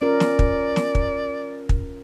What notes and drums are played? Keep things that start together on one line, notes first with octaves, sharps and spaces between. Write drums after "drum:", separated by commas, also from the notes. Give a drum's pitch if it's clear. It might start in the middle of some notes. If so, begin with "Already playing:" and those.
C#4 F4 A#4 D5
drum: snare
drum: kick
drum: snare
drum: kick
drum: kick